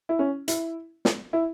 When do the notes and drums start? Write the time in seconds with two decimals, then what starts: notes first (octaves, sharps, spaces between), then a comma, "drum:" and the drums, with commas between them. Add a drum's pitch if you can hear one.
0.09 E4
0.19 C#4
0.48 E4, drum: hi-hat
1.05 drum: snare
1.33 E4